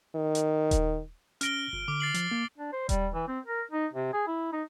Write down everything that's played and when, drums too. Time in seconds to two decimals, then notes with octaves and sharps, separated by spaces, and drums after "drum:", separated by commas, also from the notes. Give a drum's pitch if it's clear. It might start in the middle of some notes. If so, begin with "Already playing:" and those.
0.15 D#3
0.35 drum: hi-hat
0.71 drum: kick D#1, hi-hat
1.41 C#4 F6 A#6 D7 G7, drum: hi-hat
1.73 G1
1.88 D3 D6
2.00 A6 C7 F#7
2.14 F3, drum: hi-hat
2.31 A#3
2.58 D4
2.73 C5
2.89 G3, drum: kick D#1, hi-hat
3.14 E3
3.28 C4
3.46 A#4
3.71 D#4
3.93 C3
4.13 G#4
4.27 E4
4.53 D#4